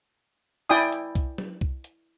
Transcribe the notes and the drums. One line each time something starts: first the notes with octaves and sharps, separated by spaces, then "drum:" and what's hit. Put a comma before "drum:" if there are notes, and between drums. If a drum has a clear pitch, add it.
E4 D5 G5 G#5 D#6
drum: hi-hat
drum: kick C2, hi-hat
drum: tom F#3
drum: kick C2
drum: hi-hat